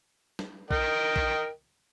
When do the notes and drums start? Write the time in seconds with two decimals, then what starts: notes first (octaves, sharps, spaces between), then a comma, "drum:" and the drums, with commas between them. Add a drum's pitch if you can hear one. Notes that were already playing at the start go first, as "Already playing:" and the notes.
0.39 drum: snare
0.71 A#4 D#5 G5, drum: kick A#1
1.16 drum: kick A#1